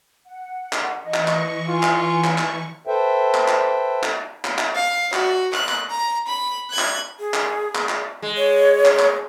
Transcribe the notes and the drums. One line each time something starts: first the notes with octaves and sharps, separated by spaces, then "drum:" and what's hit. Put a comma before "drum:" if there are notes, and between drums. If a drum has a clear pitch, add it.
F#5
drum: clap
E3 D#5 C#6
drum: clap
drum: clap
F4 G#5
drum: clap
drum: clap
drum: clap
A4 B4 C5 E5 G5
drum: clap
drum: clap
drum: clap
drum: clap
drum: clap
F5
F#4, drum: clap
F#6, drum: clap
drum: clap
A#5
B5
F#6 G#6
drum: clap
G#4
drum: clap
drum: clap
drum: clap
G#3
C#5
drum: clap
drum: clap